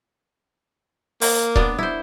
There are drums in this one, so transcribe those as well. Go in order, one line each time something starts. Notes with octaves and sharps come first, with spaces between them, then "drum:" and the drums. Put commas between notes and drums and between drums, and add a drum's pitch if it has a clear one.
A#3, drum: open hi-hat
B3 D4, drum: kick D#1
E4 C5